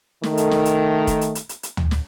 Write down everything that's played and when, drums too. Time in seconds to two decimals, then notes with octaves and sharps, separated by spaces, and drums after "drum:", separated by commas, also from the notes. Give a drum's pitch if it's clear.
0.23 D#3 A3, drum: snare
0.37 drum: hi-hat
0.51 drum: snare
0.65 drum: hi-hat
1.07 drum: kick, hi-hat
1.21 drum: hi-hat
1.35 drum: hi-hat
1.49 drum: hi-hat
1.63 drum: hi-hat
1.77 drum: tom
1.91 drum: snare